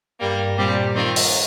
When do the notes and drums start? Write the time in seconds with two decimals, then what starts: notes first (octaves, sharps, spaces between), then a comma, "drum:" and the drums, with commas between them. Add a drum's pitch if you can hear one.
0.20 G2 G3 A#3
0.57 A#2 G3 C4 G4
0.94 D#3 C4 F4 A#4
1.16 drum: open hi-hat